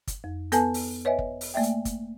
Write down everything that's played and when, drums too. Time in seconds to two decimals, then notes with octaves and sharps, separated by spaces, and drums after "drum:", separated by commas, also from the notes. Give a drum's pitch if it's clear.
0.07 drum: kick, hi-hat
0.24 F2
0.52 B3 A4 B4 G#5 A5, drum: hi-hat
0.74 drum: open hi-hat
1.05 B4 C#5 D#5 E5 G#5
1.19 drum: kick
1.41 drum: open hi-hat
1.54 A3 A#3 D5 E5 G5
1.63 drum: hi-hat
1.85 drum: kick, hi-hat